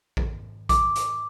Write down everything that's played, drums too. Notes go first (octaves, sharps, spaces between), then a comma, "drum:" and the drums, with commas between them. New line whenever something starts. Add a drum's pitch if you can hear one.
drum: kick A#1
D6, drum: kick A#1, hi-hat
drum: hi-hat